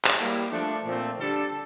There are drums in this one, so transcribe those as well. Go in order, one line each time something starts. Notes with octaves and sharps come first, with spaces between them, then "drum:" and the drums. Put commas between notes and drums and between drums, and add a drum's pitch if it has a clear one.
drum: clap
G3 A#3 E4
F3 A3 D4
A#2 F3 A3 C4
D3 G3 D4 A4